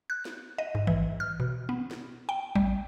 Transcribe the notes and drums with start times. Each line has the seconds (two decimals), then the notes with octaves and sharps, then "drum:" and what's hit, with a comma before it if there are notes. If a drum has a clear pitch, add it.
0.10 F#6
0.25 drum: snare
0.58 D#5
0.75 G#2
0.87 E3, drum: kick A1
1.20 F6
1.40 B2
1.69 B3
1.91 drum: snare
2.29 G5
2.56 G3, drum: kick A1